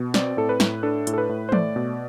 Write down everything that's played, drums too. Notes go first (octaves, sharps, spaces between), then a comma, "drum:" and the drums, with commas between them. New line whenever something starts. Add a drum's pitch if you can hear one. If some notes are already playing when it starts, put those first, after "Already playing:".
Already playing: B2
C4 D5, drum: snare
A2 A4
B4
A2, drum: snare
D4 A4
A2, drum: hi-hat
A4
B4
A2
C5
A3 D5, drum: tom
B2